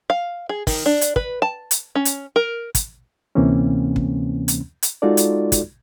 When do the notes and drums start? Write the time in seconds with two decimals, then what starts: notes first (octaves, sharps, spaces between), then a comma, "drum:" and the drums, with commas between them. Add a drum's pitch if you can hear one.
0.10 F5
0.49 G#4
0.67 D#3, drum: kick, open hi-hat
0.86 D4
1.01 drum: hi-hat
1.16 B4, drum: kick
1.42 A5
1.71 drum: hi-hat
1.95 C#4
2.05 drum: hi-hat
2.36 A#4
2.75 drum: kick, hi-hat
3.35 D2 C3 E3 A#3 C4 C#4
3.96 drum: kick
4.48 drum: hi-hat
4.83 drum: hi-hat
5.02 G#3 D#4 F4 F#4 A4 D5
5.17 drum: hi-hat
5.52 drum: kick, hi-hat